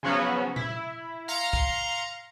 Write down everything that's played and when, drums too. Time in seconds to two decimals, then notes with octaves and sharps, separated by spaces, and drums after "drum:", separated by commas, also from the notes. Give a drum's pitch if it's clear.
0.03 C#3 F3 F#3 B3 C#4 F#4
0.56 E4, drum: tom A#2
1.28 F5 A#5 C6 C#7
1.53 drum: kick